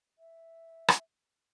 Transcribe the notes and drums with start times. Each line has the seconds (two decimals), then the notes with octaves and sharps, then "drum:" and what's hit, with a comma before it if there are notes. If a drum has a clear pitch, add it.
0.18 E5
0.88 drum: rim click